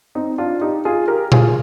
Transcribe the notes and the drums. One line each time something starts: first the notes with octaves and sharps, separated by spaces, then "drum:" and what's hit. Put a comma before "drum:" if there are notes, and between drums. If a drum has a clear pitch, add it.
C4 D#4
D4 F4
D#4 G4
F4 G#4
G4 A#4
F4 G#4, drum: tom